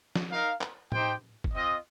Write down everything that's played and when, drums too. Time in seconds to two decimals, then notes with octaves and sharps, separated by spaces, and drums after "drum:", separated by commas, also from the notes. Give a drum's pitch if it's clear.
0.15 drum: snare
0.31 D#4 A#4 F5
0.61 drum: clap
0.92 D#4 G4 C5 G5, drum: tom A2
1.44 drum: kick
1.54 C4 F4 D#5